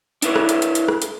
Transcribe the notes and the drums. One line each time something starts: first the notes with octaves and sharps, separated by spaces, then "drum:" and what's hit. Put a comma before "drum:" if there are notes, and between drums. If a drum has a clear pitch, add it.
D4 E4 B4 C#5, drum: hi-hat
drum: rim click
drum: hi-hat
drum: hi-hat
drum: hi-hat
drum: rim click
drum: hi-hat